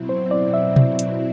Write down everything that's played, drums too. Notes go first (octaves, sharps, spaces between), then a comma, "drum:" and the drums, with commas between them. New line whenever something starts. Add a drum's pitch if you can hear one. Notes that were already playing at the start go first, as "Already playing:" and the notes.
Already playing: B2 F#3 C4 E4
C5
D5
E5
drum: tom B2
drum: hi-hat